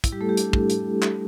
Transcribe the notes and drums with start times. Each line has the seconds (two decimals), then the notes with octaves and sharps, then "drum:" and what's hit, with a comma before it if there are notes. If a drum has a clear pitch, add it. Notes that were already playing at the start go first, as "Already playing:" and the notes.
0.04 E4, drum: kick, hi-hat
0.12 G3 G4
0.21 A3 A4
0.29 G3 G4
0.37 D4, drum: hi-hat
0.53 drum: kick
0.70 drum: hi-hat
1.02 drum: clap